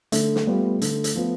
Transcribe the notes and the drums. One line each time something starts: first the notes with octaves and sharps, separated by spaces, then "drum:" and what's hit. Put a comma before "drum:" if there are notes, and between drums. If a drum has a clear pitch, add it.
D3 A3, drum: hi-hat
drum: snare
G3 B3 F4
D3, drum: hi-hat
drum: hi-hat
F3 B3